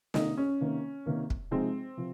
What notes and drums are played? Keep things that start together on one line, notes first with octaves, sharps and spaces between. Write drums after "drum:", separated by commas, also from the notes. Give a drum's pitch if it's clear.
C3 D#3 A#3 D#4, drum: snare
C#4
C3 D#3 A#3
C3 D#3 A#3
drum: kick
C3 F3 G#3 C4 D#4 G#4
C3 F3